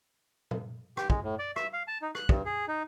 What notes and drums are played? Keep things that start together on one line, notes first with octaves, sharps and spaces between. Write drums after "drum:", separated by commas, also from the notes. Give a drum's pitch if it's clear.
drum: tom A#2
G4, drum: rim click
G#3, drum: kick
A2
D5
E5, drum: rim click
F5
A5
D#4
F#6, drum: rim click
G2, drum: kick
G#4
D#4